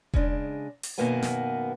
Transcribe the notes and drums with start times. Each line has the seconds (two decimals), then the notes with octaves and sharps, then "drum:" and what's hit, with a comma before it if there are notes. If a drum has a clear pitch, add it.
0.14 C#3 G#3 D4, drum: kick E1
0.83 drum: open hi-hat
0.98 F#2 B2 D#3 A#3 B3 G#5
1.22 drum: snare